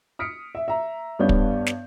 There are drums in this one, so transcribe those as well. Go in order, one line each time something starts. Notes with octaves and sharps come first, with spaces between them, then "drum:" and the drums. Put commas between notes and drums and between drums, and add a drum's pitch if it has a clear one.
D#6 F6 B6 C#7 D7
E5
E5 A#5
G2 G3 B3 D4 C#5 G6
drum: kick
drum: snare